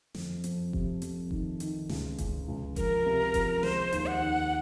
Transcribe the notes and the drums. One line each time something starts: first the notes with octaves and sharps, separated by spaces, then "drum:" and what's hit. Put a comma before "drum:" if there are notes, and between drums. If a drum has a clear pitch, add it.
F2, drum: snare
F2, drum: hi-hat
C3, drum: kick F1
F2, drum: hi-hat
D#3, drum: kick F1
D#3, drum: hi-hat
C#2, drum: snare
C#2, drum: kick F1, hi-hat
C#2
F3 A#4, drum: kick F1, hi-hat
C3
F3, drum: kick F1, hi-hat
G#3 C5, drum: snare
D#2, drum: hi-hat
F#5
D#3